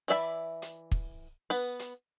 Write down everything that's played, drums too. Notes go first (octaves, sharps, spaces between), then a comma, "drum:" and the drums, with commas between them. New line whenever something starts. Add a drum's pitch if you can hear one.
E3 D5 E5 B5
drum: hi-hat
drum: kick
B3 B4
drum: hi-hat